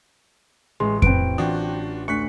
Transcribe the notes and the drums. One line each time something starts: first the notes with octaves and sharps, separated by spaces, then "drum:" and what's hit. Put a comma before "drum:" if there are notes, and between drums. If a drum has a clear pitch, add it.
A1 G#3 C6
C4 B4 D7, drum: kick F2
E3 C#4 D4 F4 F#4 G5 D#6
D2 C#6 F#6 B6 C#7